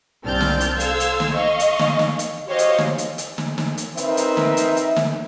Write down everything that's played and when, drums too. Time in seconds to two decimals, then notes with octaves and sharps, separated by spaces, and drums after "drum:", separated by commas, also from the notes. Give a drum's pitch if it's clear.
0.24 C2 C4 D4 F6 G6 A6
0.41 drum: snare
0.60 drum: hi-hat
0.80 A4 C5 F5 E6 G#6, drum: hi-hat
1.00 drum: hi-hat
1.20 drum: snare
1.34 D#5 F5 C#6
1.59 drum: hi-hat
1.79 drum: snare
1.99 drum: snare
2.19 drum: hi-hat
2.46 F#4 G4 C5 C#5 D#5 F5
2.59 drum: hi-hat
2.78 drum: snare
2.98 drum: hi-hat
3.18 drum: hi-hat
3.38 drum: snare
3.58 drum: snare
3.78 drum: hi-hat
3.97 C4 D#4 A#4 B4 E5, drum: hi-hat
4.17 drum: hi-hat
4.37 drum: snare
4.57 drum: hi-hat
4.77 drum: hi-hat
4.96 drum: snare